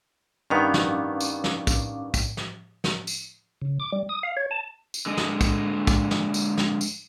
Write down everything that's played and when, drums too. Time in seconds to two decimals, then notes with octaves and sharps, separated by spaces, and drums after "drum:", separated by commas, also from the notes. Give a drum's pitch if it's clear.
0.50 G2 D#3 B3 C#4 F5 D6
0.74 drum: snare
1.20 drum: tambourine
1.44 drum: snare
1.67 drum: kick, tambourine
2.14 drum: kick, tambourine
2.37 drum: snare
2.84 drum: snare
3.07 drum: tambourine
3.62 C#3
3.80 D6
3.92 G3
4.09 D#6
4.23 F5
4.37 C#5
4.51 A5
4.94 drum: tambourine
5.06 D3 G#3 D#5
5.17 drum: snare
5.41 drum: kick, tambourine
5.87 drum: kick, tambourine
6.11 drum: snare
6.34 drum: tambourine
6.57 drum: snare
6.81 drum: tambourine